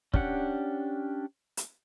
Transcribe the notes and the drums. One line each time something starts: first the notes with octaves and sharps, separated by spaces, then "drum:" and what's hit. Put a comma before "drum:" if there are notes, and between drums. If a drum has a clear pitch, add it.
C#4 D4 G4 F#5, drum: kick
drum: hi-hat